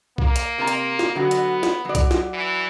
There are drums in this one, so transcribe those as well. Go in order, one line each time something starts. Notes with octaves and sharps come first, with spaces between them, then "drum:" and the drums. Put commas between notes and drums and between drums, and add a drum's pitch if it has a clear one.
A#3, drum: kick B1
drum: hi-hat
C3 A#4 A#5
drum: hi-hat
drum: snare
D3 F#3 B3 F#4
drum: hi-hat
drum: snare
F#3 D5
drum: kick B1, hi-hat
drum: snare
E3